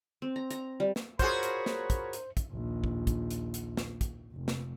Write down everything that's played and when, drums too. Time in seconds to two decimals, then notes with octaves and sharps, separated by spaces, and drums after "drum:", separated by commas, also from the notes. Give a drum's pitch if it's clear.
0.22 C4
0.36 A#5
0.51 A#5, drum: hi-hat
0.80 G3
0.96 drum: snare
1.19 F4 F#4 G#4 A#4 C5 C#5 B5, drum: kick, hi-hat
1.43 drum: hi-hat
1.66 drum: snare
1.90 drum: kick, hi-hat
2.13 drum: hi-hat
2.37 drum: kick, hi-hat
2.52 A#1 D#2
2.84 drum: kick
3.07 drum: kick, hi-hat
3.31 drum: hi-hat
3.54 drum: hi-hat
3.77 drum: snare
4.01 drum: kick, hi-hat
4.33 F1
4.48 drum: snare